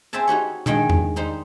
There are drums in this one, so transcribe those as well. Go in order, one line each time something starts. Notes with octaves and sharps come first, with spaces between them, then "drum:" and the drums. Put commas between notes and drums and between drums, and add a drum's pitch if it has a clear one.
C4 G#4 C5 E5 G#5 A5
D#4 F#4 G4 C#5
G2 D#3 G#3 G5, drum: tom A#2
drum: tom E2
G3 D#4 C5